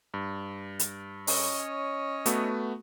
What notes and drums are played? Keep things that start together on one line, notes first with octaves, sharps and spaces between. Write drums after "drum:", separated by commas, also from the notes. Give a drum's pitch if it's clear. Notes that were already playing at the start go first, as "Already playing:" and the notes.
G2
drum: hi-hat
C#4 C#5 D#5, drum: open hi-hat
A3 B3 F#4, drum: hi-hat